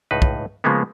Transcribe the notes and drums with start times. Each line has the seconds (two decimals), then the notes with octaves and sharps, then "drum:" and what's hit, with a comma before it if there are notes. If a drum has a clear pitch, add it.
0.11 C#2 A2 D#4 B4
0.22 drum: kick
0.64 C#3 F3 G#3 A#3 B3